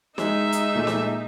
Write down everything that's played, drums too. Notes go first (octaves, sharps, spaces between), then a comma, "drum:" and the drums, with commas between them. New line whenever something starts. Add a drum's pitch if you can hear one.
G#3 D#4 E5, drum: snare
drum: hi-hat
A#2 G#3 A3
drum: snare